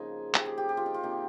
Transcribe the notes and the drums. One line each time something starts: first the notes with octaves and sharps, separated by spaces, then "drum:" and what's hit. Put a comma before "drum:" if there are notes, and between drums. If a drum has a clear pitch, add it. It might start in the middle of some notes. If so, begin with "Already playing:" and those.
Already playing: C#3 F3 A#3 D#4 F4 G#4
G4, drum: clap
G#4
G4
G4
F4
D#4
F4
C3 D#3 A#3 D#4 G4